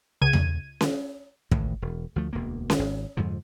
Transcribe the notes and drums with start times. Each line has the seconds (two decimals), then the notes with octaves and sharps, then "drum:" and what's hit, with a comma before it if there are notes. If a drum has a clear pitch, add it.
0.21 C#2 G#6 D#7
0.33 drum: tom E2
0.81 drum: snare C#4
1.51 C#2 A2 D#3 E3, drum: kick
1.82 E1
2.16 D2 F3 A3
2.33 E1 D2 A#3
2.70 drum: snare C#4
2.79 G#1
3.17 F2 G#2 D3 F3